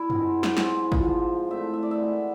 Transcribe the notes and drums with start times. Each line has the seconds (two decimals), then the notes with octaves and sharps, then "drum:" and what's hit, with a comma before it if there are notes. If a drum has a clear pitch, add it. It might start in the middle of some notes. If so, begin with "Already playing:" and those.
Already playing: E4
0.10 B2 G#3 C4, drum: tom F#2
0.43 drum: snare
0.57 G#2 G#3 B3 C4, drum: snare
0.80 E4
0.92 F4, drum: kick
1.04 G#2 F3 G#3 C4 C5
1.50 A2 E3 A3 C4 E5
1.73 E5
1.83 D5
1.91 E5
1.98 B2 G#3 B3